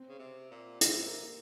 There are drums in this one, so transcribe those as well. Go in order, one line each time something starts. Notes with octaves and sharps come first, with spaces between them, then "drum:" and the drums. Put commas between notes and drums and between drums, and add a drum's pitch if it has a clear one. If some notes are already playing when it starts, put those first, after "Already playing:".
Already playing: C4
C#3
C3
A#2
C3, drum: hi-hat
A#3